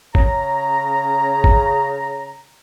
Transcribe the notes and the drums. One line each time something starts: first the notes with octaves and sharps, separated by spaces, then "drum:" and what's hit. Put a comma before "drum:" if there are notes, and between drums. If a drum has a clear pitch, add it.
C#3 A#5, drum: kick G1
drum: kick G1